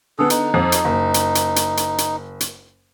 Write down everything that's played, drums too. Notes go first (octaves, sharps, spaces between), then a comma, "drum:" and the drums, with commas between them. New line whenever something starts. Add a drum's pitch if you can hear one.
D3 B3 G#4 A4
D#4, drum: hi-hat
F2
drum: hi-hat
F#1
drum: hi-hat
drum: hi-hat
drum: hi-hat
drum: hi-hat
drum: hi-hat
drum: hi-hat